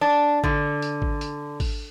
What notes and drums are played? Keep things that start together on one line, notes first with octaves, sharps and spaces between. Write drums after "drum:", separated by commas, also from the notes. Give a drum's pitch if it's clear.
D4
D3, drum: kick G#1
drum: hi-hat
drum: kick G#1
drum: hi-hat
drum: kick G#1, open hi-hat